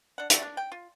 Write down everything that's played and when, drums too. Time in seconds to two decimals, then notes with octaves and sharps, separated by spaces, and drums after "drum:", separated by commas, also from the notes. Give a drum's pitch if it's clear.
0.18 D4 F#5
0.30 G3 A3 F#4 E5, drum: hi-hat
0.42 D4
0.57 G5
0.72 F4